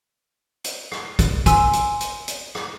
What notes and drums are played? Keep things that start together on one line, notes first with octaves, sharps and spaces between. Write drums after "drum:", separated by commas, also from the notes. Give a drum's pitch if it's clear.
drum: hi-hat
drum: rim click
drum: kick, hi-hat
G#5 C6 E6, drum: kick, hi-hat
drum: hi-hat
drum: hi-hat
drum: hi-hat
drum: rim click